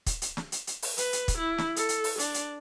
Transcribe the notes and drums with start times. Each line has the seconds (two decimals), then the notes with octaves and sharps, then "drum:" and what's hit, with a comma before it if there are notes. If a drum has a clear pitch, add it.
0.06 drum: kick, hi-hat
0.22 drum: hi-hat
0.37 drum: snare
0.52 drum: hi-hat
0.67 drum: hi-hat
0.82 drum: open hi-hat
0.98 B4, drum: hi-hat
1.13 drum: hi-hat
1.28 drum: kick, hi-hat
1.38 E4
1.58 drum: snare
1.76 A4, drum: hi-hat
1.89 drum: hi-hat
2.04 drum: open hi-hat
2.19 D4, drum: hi-hat
2.34 drum: hi-hat